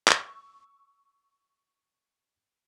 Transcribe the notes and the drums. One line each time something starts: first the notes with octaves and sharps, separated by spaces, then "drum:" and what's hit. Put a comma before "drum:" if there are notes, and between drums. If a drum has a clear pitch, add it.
C#6 E6, drum: clap